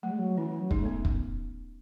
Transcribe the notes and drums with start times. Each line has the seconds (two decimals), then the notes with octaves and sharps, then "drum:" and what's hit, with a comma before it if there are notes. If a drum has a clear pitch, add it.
0.03 F#3 A3
0.11 G#3
0.18 F#3
0.37 E3 C#4
0.48 E3
0.60 F#3
0.71 G#3 D#4, drum: kick
0.79 A3 C#4
0.85 B3
1.05 drum: kick